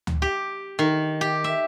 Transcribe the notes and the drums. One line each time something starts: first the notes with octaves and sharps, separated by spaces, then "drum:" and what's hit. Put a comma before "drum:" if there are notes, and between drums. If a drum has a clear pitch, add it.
drum: tom D2
G4
D#3
G4
E5